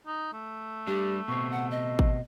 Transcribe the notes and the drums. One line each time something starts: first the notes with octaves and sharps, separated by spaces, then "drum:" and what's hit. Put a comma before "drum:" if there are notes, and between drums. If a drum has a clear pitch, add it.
D#4
A3
G3 D4 G4
B2 C4 C#6
F#5
D#5
drum: kick G#1